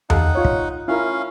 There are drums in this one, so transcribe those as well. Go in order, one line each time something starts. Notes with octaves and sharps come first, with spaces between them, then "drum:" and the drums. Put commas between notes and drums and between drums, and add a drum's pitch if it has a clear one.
D#4 G4 A4 F5 F#5, drum: tom E2
F4 C#5
drum: kick
C#4 E4 F4 A#4 F5